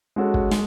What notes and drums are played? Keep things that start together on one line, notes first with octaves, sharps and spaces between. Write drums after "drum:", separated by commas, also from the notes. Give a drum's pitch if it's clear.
G#3 C#4 F#4 A4 C#5
drum: kick
G#3, drum: snare